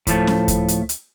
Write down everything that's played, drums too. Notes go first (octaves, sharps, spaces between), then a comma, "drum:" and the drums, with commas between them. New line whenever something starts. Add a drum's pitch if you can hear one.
A2 F3 A3, drum: kick D2, hi-hat
drum: snare C#4
drum: kick D2, hi-hat
drum: hi-hat
drum: hi-hat